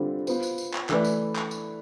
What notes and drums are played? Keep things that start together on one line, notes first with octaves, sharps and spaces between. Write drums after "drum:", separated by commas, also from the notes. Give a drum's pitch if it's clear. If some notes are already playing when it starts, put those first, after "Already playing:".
Already playing: D3 G3 C4 F4
B3 F4 C5, drum: tambourine
drum: tambourine
drum: tambourine
drum: clap
E3 A3 E4 B4 D5, drum: clap
drum: tambourine
drum: clap
drum: tambourine